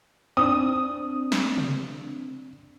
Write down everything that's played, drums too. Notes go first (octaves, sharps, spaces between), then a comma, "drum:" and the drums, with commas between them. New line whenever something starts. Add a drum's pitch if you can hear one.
C4 D4 D#6
drum: snare
drum: tom C3